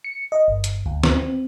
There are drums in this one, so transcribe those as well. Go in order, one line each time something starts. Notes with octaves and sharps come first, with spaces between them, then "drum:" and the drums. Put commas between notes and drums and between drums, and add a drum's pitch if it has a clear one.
C#7
D#5
G1
drum: hi-hat
D2
drum: snare
C4